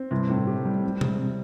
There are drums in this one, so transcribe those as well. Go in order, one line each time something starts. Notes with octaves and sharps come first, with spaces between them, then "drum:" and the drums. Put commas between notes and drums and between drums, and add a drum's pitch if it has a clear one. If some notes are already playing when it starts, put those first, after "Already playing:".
Already playing: C4
G2 C3 E4
A2
G4
G3
C4
C3, drum: tom
C3